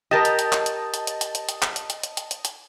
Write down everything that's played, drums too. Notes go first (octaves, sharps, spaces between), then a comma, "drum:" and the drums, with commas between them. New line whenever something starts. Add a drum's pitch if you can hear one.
G4 A#4 D#5 A5
drum: hi-hat
drum: hi-hat
drum: clap
drum: hi-hat
drum: hi-hat
drum: hi-hat
drum: hi-hat
drum: hi-hat
drum: hi-hat
drum: clap
drum: hi-hat
drum: hi-hat
drum: hi-hat
drum: hi-hat
drum: hi-hat
drum: hi-hat